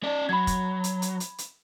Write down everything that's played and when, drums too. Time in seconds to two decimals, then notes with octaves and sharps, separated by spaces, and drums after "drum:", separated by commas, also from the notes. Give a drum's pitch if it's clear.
0.03 C#4 D5
0.29 F#3 B5 G#6
0.47 drum: kick, hi-hat
0.84 drum: hi-hat
1.02 drum: hi-hat
1.20 drum: hi-hat
1.38 drum: hi-hat